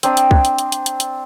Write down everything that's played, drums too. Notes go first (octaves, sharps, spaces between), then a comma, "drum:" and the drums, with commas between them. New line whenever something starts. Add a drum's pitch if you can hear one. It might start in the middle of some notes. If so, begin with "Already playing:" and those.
C4 D4 A#5 D#6, drum: hi-hat
drum: hi-hat
drum: kick C2
drum: hi-hat
drum: hi-hat
drum: hi-hat
drum: hi-hat
drum: hi-hat